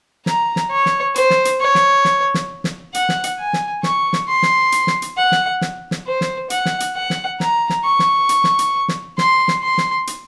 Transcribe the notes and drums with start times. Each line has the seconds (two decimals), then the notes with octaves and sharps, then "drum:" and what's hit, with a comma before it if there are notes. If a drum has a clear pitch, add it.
0.26 A#5, drum: snare
0.56 drum: snare
0.71 C#5
0.86 drum: snare
1.16 C5, drum: hi-hat
1.30 drum: snare
1.45 drum: hi-hat
1.60 C#5
1.75 drum: snare
2.05 drum: snare
2.34 drum: snare
2.64 drum: snare
2.94 F#5, drum: hi-hat
3.09 drum: snare
3.24 drum: hi-hat
3.39 G#5
3.53 drum: snare
3.83 C#6, drum: snare
4.13 drum: snare
4.28 C6
4.43 drum: snare
4.72 drum: hi-hat
4.87 drum: snare
5.02 drum: hi-hat
5.17 F#5
5.32 drum: snare
5.61 drum: snare
5.91 drum: snare
6.07 C5
6.21 drum: snare
6.50 F#5, drum: hi-hat
6.65 drum: snare
6.80 drum: hi-hat
6.95 F#5
7.10 drum: snare
7.40 A#5, drum: snare
7.70 drum: snare
7.84 C#6
7.99 drum: snare
8.29 drum: hi-hat
8.44 drum: snare
8.59 drum: hi-hat
8.88 drum: snare
9.18 C6, drum: snare
9.48 drum: snare
9.62 C6
9.78 drum: snare
10.07 drum: hi-hat